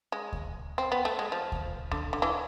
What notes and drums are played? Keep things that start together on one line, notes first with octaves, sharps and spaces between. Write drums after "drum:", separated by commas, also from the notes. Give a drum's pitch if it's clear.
G#3
drum: kick D2
C4
B3
A3
G#3
F3
drum: kick D2
D3, drum: kick D2
D3
E3